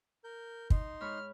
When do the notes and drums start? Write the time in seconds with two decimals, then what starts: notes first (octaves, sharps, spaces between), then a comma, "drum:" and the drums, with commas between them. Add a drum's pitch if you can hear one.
0.24 A#4 G6
0.70 D#4 C6, drum: kick
1.01 G#2 C#5 B5 F6